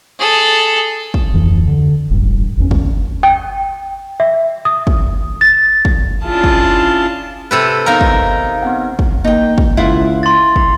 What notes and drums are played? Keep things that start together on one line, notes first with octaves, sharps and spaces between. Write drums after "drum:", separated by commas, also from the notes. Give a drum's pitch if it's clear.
G#4 A4
drum: kick
D1 F2 E3
D3
E1 A1 G2
G1 E2 C#4
drum: kick
G5
E5
D#6
drum: kick
A6
drum: kick
C#4 D4 E4 F4 G#4 A5
drum: kick
C3 A4 B4
B3 D#4 A#4 F5 A#5
drum: kick
B3 C4 F#5
drum: kick
A#3 D#4 G5
drum: kick
C#2 E4 F4 F#5
C6 A6
drum: kick